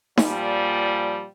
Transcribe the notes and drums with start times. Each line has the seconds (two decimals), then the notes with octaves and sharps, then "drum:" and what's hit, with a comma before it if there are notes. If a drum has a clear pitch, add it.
0.17 A#2 F3 G3, drum: snare D#4